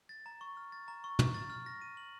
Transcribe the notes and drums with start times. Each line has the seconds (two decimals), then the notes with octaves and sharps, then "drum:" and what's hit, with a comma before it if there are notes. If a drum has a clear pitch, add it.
0.09 A6
0.26 A#5
0.41 C#6
0.57 F6
0.72 A6
0.88 A#5
1.04 C#6
1.19 F6, drum: tom
1.34 A6
1.50 F6
1.66 A#6
1.81 D#7
1.97 F#7